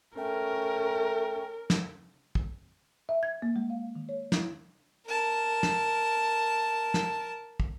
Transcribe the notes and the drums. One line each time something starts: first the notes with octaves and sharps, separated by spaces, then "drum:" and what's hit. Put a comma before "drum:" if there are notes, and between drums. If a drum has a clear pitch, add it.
A3 C#4 A#4 G5
drum: snare
drum: kick
E5
G#6
A#3
G#3
F5
D#3
C#5
E4, drum: snare
A#4 A5
drum: snare
drum: snare
drum: kick